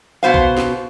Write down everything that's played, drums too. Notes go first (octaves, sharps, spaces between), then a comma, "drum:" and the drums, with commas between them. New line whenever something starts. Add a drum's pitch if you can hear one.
B2 C5 F5
drum: kick A#1
drum: snare